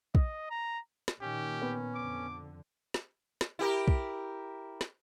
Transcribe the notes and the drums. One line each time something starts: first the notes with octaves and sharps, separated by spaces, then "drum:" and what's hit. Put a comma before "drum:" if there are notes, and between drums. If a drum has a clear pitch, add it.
D#5, drum: kick
A#5
drum: snare
A#2 D#3 C#4 G4
B3
F2 D3 D6
drum: snare
drum: snare
E4 G4 A#4
drum: kick
drum: snare